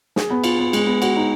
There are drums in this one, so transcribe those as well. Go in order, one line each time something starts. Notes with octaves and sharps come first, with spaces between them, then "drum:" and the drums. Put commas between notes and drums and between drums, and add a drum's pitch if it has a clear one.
G#4, drum: snare
B3
F4, drum: cymbal
B3
G#3, drum: cymbal
B3
F#4, drum: cymbal
D#4